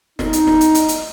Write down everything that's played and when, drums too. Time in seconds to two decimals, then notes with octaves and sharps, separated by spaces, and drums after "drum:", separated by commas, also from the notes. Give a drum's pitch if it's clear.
0.19 D#4, drum: snare
0.33 drum: hi-hat
0.47 drum: snare
0.61 drum: hi-hat
0.75 drum: hi-hat
0.88 drum: hi-hat